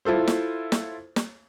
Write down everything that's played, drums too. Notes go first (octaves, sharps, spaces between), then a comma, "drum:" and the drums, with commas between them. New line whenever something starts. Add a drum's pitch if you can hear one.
E4 F4 A4 C5
drum: snare
drum: snare
drum: snare